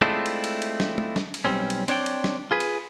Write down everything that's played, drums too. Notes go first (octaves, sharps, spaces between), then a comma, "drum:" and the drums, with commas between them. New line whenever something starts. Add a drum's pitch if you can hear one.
G#3 A3 C4 D4 E4 F4
drum: cymbal
drum: cymbal
drum: cymbal
drum: snare
drum: tom
drum: snare
drum: cymbal
B1 F2 G3 C4 C#4
drum: cymbal
C4 D4 C#5 D5 G5, drum: cymbal
drum: cymbal
drum: snare
F4 G#4 B4
drum: cymbal